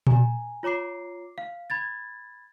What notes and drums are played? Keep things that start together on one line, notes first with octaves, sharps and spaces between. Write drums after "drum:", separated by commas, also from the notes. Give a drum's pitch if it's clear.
G#5 A#5, drum: tom A#2
F4 C#5 A#5 D6 C7
F5
B5 G#6 A6